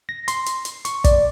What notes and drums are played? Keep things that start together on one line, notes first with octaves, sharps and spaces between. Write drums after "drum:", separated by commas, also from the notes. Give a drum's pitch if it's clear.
A#6
C6, drum: hi-hat
drum: hi-hat
drum: hi-hat
C#6, drum: hi-hat
D5, drum: kick, hi-hat